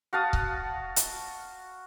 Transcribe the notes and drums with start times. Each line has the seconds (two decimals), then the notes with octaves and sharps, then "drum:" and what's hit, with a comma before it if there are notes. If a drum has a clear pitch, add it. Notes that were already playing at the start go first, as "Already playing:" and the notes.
0.13 F#4 F5 A5 D#6
0.33 drum: kick C#1
0.96 drum: hi-hat